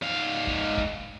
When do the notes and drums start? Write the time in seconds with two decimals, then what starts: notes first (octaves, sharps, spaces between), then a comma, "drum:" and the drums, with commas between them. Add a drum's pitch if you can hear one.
0.02 G#2 F5
0.47 drum: kick
0.77 drum: kick